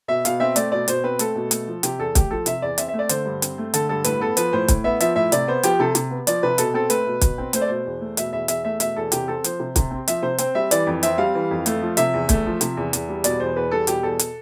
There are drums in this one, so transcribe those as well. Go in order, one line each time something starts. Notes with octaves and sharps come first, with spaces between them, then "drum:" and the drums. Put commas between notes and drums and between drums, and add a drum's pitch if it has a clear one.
B2 E5
B2 F5, drum: hi-hat
C4 E5
A3 D5, drum: hi-hat
B2 D5
B2 C5, drum: hi-hat
C4 B4
A3 A4, drum: hi-hat
B2
A3, drum: hi-hat
F3
C3 G4, drum: hi-hat
E2 A4
A3 G4, drum: kick, hi-hat
F3 A4
C3 E5, drum: hi-hat
E2 D5
C4 E5, drum: hi-hat
E5
A3
D5
D3 C5, drum: hi-hat
G2
C4, drum: hi-hat
A3
D3 A4, drum: hi-hat
G2 A4
A2 B4, drum: hi-hat
B3 A4
F3 B4, drum: hi-hat
A2 C5
A2, drum: kick, hi-hat
B3 E5
F3 E5, drum: hi-hat
A2 E5
C3 D5, drum: hi-hat
B3 C5
F3 G4, drum: hi-hat
C3 A4
C3, drum: hi-hat
B3
F3 D5, drum: hi-hat
C3 B4
B2 A4, drum: hi-hat
C4 A4
A3 B4, drum: hi-hat
B2
B2, drum: kick, hi-hat
C4
A3 C5, drum: hi-hat
D5
B2 C5
E2
A3
B2 E5, drum: hi-hat
E2 E5
E2 E5, drum: hi-hat
A3 E5
B2 E5, drum: hi-hat
E2 A4
C3 G4, drum: hi-hat
C4 A4
F3 C5, drum: hi-hat
C3
C3, drum: kick, hi-hat
C4
F3 E5, drum: hi-hat
C3 C5
C4 C5, drum: hi-hat
G3 E5
E3 D5, drum: hi-hat
F2
C4 E5, drum: hi-hat
G3 F5
E3
F2
A3, drum: hi-hat
F3
C3 E5, drum: hi-hat
E2
A3, drum: kick, hi-hat
F3
C3, drum: hi-hat
E2
E2, drum: hi-hat
G3
B2 D5, drum: hi-hat
E2 C5
E2 B4
G3 A4
B2 G4, drum: hi-hat
E2 A4
drum: hi-hat